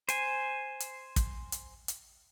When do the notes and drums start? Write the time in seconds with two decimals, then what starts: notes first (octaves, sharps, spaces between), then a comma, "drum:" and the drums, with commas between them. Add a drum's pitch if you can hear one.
0.09 C5 G#5, drum: hi-hat
0.80 drum: hi-hat
1.16 drum: kick, hi-hat
1.52 drum: hi-hat
1.88 drum: hi-hat